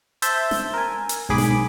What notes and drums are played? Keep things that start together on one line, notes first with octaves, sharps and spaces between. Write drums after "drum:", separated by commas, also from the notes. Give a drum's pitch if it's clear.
C5 E5 A5 G6, drum: hi-hat
drum: snare
A#4 G#5
drum: hi-hat
B1 G#2 G#4 B5 D6
drum: snare